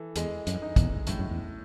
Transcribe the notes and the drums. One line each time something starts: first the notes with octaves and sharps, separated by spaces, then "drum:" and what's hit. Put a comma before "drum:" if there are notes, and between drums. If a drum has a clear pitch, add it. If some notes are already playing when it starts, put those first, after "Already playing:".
Already playing: E3 A4
E2 G#3, drum: hi-hat
F#2, drum: hi-hat
D#4
E2, drum: kick, hi-hat
F#2 A2, drum: hi-hat
F#2
E2